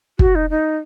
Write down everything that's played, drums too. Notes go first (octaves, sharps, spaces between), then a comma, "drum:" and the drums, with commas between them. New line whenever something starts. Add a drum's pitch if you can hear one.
F#4, drum: kick
D#4
D#4